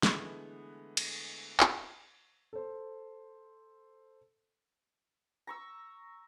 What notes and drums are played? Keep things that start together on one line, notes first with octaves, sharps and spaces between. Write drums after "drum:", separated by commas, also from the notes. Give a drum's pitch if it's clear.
D3 E3 G#3 A3 B3, drum: snare
drum: cymbal
drum: clap
A4 C5
A#5 C#6 E6